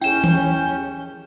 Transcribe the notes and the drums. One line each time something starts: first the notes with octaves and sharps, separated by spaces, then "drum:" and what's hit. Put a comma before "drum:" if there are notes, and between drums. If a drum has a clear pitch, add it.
D#2 C#4 E4 G#4 G5 G6 E7, drum: tambourine
drum: tom E3